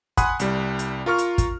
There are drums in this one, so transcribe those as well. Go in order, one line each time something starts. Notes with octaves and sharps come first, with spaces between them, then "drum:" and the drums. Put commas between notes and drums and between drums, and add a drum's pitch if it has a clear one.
F#5 G#5 B5 C6 D#6 F#6, drum: kick, hi-hat
C2 G3, drum: hi-hat
drum: hi-hat
F4 A#4 C#6 F6
drum: hi-hat
drum: kick, hi-hat